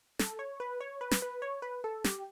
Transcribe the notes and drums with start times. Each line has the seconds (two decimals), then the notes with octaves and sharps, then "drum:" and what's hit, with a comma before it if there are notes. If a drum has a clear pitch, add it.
0.19 A4, drum: snare
0.39 C#5
0.60 B4
0.80 C#5
1.01 B4
1.11 drum: snare
1.22 B4
1.42 C#5
1.62 B4
1.84 A4
2.04 G4, drum: snare